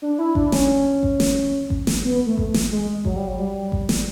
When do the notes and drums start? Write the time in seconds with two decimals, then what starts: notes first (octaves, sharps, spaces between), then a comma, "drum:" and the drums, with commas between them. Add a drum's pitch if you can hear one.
0.02 D4
0.19 E4
0.35 D4, drum: kick G#1
0.52 C#4, drum: snare
1.03 drum: kick G#1
1.20 drum: snare
1.70 drum: kick G#1
1.87 drum: snare
2.04 B3
2.26 A3
2.38 drum: kick G#1
2.54 drum: snare
2.71 G#3
3.05 F#3, drum: kick G#1
3.16 G3
3.28 F#3
3.39 G3
3.72 drum: kick G#1
3.89 drum: snare